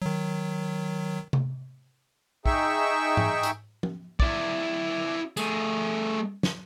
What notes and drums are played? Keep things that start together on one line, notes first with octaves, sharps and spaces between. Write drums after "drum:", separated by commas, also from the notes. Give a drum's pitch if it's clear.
D#3 F#3
drum: tom C3
D#4 G#4 E5 G5 C#6 E6, drum: kick
drum: tom G#2
drum: hi-hat
drum: tom F3
E4 D5, drum: kick
A3 G#4, drum: tambourine
drum: snare